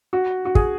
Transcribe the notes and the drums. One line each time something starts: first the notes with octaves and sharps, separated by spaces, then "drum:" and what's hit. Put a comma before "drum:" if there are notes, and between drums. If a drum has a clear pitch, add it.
F#4
F#4
G#4, drum: kick